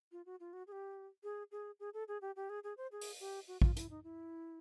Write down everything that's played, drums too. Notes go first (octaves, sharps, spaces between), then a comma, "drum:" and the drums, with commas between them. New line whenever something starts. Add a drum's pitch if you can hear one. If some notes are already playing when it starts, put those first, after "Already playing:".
F4
F#4
F4
F#4
G#4
G4
G#4
G#4
G#4
A4
G#4
G4
G4
G#4
G#4
C5
G#4
drum: open hi-hat
G4
F#4
F4, drum: kick
E4, drum: hi-hat
D#4
E4